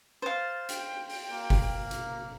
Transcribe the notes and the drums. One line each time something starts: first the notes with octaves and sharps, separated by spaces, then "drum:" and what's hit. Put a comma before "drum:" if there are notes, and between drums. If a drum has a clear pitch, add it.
C5 F5 A6
G5, drum: hi-hat
drum: open hi-hat
A#3
drum: kick F#1, open hi-hat
drum: hi-hat